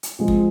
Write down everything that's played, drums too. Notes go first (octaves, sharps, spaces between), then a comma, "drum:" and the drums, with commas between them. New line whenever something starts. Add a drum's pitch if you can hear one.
drum: hi-hat
F3 G#3 C4
drum: kick